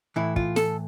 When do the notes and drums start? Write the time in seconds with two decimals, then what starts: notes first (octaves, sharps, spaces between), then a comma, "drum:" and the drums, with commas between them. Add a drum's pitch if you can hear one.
0.16 A2 E3 E4
0.36 F4, drum: kick
0.56 A4, drum: snare